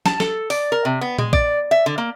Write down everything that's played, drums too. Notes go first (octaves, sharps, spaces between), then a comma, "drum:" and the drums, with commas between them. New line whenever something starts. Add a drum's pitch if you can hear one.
A5, drum: snare
A4, drum: snare
D5, drum: open hi-hat
A#4
C3
B3
G#3, drum: tom A#2
D5, drum: kick A#1
E5
D3
A#3